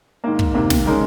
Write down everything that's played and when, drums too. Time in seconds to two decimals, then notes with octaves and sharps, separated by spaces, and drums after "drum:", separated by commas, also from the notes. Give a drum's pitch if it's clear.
0.24 G#2 D#3 A#3
0.39 drum: kick
0.54 C3 D#3 A#3
0.70 drum: snare
0.86 C#3 G#3 D#4 A#4